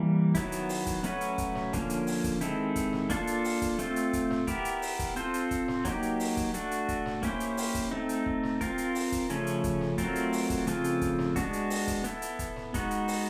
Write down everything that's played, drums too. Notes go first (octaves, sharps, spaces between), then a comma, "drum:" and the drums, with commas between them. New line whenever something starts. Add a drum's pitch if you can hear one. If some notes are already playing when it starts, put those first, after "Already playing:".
Already playing: E3 G3 A#3
D#3 F#3 B3 E4, drum: kick, hi-hat
drum: hi-hat
drum: open hi-hat
drum: kick, hi-hat
F#3 A3 C#4 F#4 B4, drum: hi-hat
drum: hi-hat
drum: kick, hi-hat
drum: snare
D3 F3 A#3 C#4, drum: kick, hi-hat
drum: hi-hat
drum: open hi-hat
drum: kick, hi-hat
D#3 G#3 C4 E4 A4, drum: hi-hat
drum: kick, hi-hat
drum: snare
A#3 D4 F4 A4, drum: kick, hi-hat
drum: hi-hat
drum: open hi-hat
drum: kick, hi-hat
A3 C4 F4, drum: hi-hat
drum: hi-hat
drum: kick, hi-hat
drum: snare
B3 E4 G4 A#4, drum: kick, hi-hat
drum: hi-hat
drum: open hi-hat
drum: kick, hi-hat
C4 F4 A4 C5, drum: hi-hat
drum: hi-hat
drum: kick, hi-hat
drum: snare
F#3 A#3 D#4 G4, drum: kick, hi-hat
drum: hi-hat
drum: open hi-hat
drum: kick, hi-hat
A3 D4 F#4, drum: hi-hat
drum: hi-hat
drum: kick, hi-hat
drum: snare
A#3 C#4 E4 G4 C5, drum: kick, hi-hat
drum: hi-hat
drum: open hi-hat
drum: kick, hi-hat
A3 C4 D#4
drum: hi-hat
drum: kick
drum: snare
C4 F4 A#4, drum: kick, hi-hat
drum: hi-hat
drum: open hi-hat
drum: kick, hi-hat
C#3 F3 A3 C#4, drum: hi-hat
drum: hi-hat
drum: kick, hi-hat
drum: snare
F#3 A3 C4 F4 A#4, drum: kick, hi-hat
drum: hi-hat
drum: open hi-hat
drum: kick, hi-hat
C#3 F3 A3 C4 F4, drum: hi-hat
drum: hi-hat
drum: kick, hi-hat
drum: snare
G#3 B3 D4 F#4, drum: kick, hi-hat
drum: hi-hat
drum: open hi-hat
drum: kick, hi-hat
B3 E4 A4, drum: hi-hat
drum: hi-hat
drum: kick, hi-hat
drum: snare
G#3 B3 D#4 F#4, drum: kick, hi-hat
drum: hi-hat
drum: open hi-hat